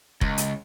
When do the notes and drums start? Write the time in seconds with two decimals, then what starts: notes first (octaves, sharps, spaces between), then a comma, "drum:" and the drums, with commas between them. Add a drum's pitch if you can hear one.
0.21 C#2, drum: kick F1
0.38 drum: hi-hat